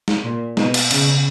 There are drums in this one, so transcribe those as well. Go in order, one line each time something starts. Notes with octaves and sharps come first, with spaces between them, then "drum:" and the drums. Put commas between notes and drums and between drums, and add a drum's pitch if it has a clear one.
drum: snare
A#2
B2, drum: snare
drum: cymbal
C#3, drum: cymbal